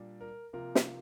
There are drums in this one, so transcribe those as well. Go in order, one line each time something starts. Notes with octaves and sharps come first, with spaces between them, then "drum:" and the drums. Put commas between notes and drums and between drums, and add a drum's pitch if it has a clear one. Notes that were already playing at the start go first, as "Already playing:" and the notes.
Already playing: A#2 G3 D4
A#4
C3 F3 A#3 F4 A#4
drum: snare